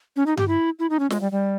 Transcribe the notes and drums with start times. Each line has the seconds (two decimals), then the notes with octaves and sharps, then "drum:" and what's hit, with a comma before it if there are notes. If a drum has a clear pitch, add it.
0.16 C#4
0.26 D#4
0.37 G4, drum: tom G2
0.48 E4
0.79 E4
0.90 D#4
0.99 C#4
1.10 G#3, drum: snare
1.21 G3
1.32 G3